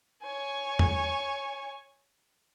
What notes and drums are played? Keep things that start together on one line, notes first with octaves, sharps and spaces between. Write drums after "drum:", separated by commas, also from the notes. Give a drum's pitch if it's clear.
C#5 G#5
drum: tom